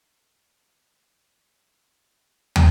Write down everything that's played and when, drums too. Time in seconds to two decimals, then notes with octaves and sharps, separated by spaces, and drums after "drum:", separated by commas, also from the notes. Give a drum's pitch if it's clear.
0.40 B4 C#5 E5 B5
2.56 drum: tom